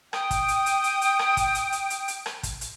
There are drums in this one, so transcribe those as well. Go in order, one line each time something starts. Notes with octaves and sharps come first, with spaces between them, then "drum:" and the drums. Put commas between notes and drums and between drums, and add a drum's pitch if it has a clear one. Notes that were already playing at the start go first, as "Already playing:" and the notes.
G5 D#6, drum: rim click
drum: kick, hi-hat
drum: hi-hat
drum: hi-hat
drum: hi-hat
drum: hi-hat
drum: rim click
drum: kick, hi-hat
drum: hi-hat
drum: hi-hat
drum: hi-hat
drum: hi-hat
drum: rim click
drum: kick, hi-hat
drum: hi-hat